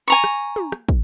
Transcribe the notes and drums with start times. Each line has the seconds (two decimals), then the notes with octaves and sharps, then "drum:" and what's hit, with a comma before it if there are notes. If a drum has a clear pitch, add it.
0.08 G#5 A#5 C#6
0.24 drum: rim click
0.56 drum: tom
0.72 drum: rim click
0.89 drum: kick